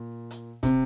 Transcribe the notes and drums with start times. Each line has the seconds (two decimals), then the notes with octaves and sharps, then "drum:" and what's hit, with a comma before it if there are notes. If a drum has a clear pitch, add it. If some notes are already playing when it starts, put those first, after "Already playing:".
Already playing: A#2
0.31 drum: hi-hat
0.63 C3, drum: kick, hi-hat